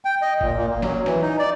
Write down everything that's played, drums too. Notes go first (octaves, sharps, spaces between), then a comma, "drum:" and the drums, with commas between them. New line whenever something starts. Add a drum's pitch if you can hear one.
G5
D#5
A#2, drum: kick F#1
A#2
A#3
F#3, drum: snare
E3, drum: snare
D#4
D5